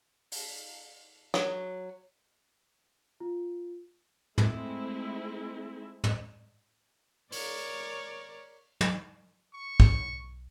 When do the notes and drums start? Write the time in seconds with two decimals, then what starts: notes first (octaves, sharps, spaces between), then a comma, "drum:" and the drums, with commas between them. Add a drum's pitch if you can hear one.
0.32 drum: open hi-hat
1.34 F#3, drum: rim click
3.20 F4
4.38 G#3 A3 C4 E4, drum: tom
6.04 drum: tom
7.32 A#4 C#5 D5, drum: open hi-hat
8.81 drum: tom
9.54 C#6
9.80 drum: kick
10.00 B1